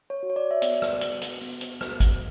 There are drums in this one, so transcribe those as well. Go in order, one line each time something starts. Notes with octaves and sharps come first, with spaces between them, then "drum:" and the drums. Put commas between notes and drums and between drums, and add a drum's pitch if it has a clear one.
C#5
F#4
C#5
D5
E5
B3 D5, drum: hi-hat
drum: rim click
F#4, drum: hi-hat
drum: hi-hat
B3, drum: open hi-hat
drum: hi-hat
F#4, drum: rim click
drum: kick G#1, hi-hat